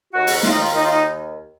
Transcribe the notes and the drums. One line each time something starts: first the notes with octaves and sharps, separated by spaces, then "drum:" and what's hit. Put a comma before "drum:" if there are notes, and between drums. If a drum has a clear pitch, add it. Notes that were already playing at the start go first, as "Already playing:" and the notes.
D#2 F#4
drum: open hi-hat
D#3 F4, drum: snare
D#4
F4
D#2 D#4
F4
D#4